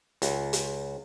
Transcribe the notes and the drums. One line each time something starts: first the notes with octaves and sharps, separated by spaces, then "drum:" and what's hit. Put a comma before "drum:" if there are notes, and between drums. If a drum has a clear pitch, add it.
C#2, drum: hi-hat
drum: hi-hat